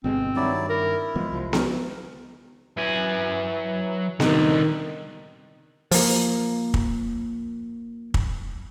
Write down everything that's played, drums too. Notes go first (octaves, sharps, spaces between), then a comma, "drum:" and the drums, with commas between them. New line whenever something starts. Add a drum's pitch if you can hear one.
G1 B2 G#3 C4
G2 D#3 F#3 E4 D5
E4 A#4
E3 F3 G#3 B3
C2 F3
C#4 A#4, drum: snare B3
E3 F#3 G#5
C2 D3 D#3 D#4, drum: snare B3
F3 A#3, drum: open hi-hat
drum: kick
drum: kick